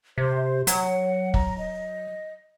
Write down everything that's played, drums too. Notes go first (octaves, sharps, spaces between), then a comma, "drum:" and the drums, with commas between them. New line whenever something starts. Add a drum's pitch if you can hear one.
C3 C5
F#3 F#5, drum: hi-hat
A#5, drum: kick
D#5